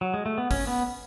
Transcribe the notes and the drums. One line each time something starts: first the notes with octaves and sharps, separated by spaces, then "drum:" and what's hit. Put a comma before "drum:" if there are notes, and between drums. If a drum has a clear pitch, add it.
F#3
G#3
A3
B3
C#4, drum: kick, open hi-hat
B3